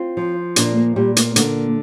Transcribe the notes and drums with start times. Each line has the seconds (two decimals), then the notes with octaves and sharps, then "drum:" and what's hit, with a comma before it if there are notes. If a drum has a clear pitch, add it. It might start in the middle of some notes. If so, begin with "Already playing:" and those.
Already playing: C4 F4
0.17 F3
0.56 A#2 A#3 D4, drum: hi-hat
0.77 A#3
0.96 A#2 G3
1.17 A#3, drum: hi-hat
1.36 D3 A#3, drum: hi-hat